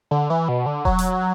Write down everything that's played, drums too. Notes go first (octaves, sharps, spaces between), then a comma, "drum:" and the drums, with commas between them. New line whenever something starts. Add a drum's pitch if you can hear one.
D3
E3
B2
D3
F#3, drum: kick E1
drum: hi-hat